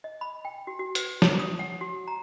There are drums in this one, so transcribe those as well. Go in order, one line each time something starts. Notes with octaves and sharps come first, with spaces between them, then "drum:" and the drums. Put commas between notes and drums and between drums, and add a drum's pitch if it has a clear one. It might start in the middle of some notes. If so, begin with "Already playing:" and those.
D#5
B5
G5
F#4
F#4
B4, drum: hi-hat
C#5, drum: snare
D#6
F#5
F#4
A#5